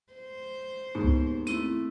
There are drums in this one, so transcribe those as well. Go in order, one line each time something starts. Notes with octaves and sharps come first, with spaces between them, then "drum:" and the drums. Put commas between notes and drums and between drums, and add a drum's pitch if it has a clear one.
C5
D#2 G#2 B2
drum: kick C#2
A3 C4 E4, drum: tambourine